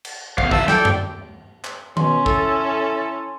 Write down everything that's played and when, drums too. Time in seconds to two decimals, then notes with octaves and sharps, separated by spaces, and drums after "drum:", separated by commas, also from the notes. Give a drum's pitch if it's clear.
0.05 drum: cymbal
0.38 E2 F5, drum: kick
0.51 E3 E5 A5 E6, drum: kick
0.68 A4 D5 G5, drum: snare
0.85 drum: tom F#2
1.64 drum: clap
1.97 B2 C#4 C6, drum: tom D#3
2.26 E4 A4, drum: kick